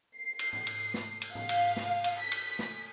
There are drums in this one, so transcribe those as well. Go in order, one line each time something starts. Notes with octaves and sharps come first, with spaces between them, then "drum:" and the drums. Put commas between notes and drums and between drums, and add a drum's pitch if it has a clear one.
C7
drum: cymbal
drum: tom
drum: cymbal
drum: snare
drum: cymbal
F5, drum: tom
drum: cymbal
drum: snare
drum: cymbal
B6
drum: cymbal
drum: snare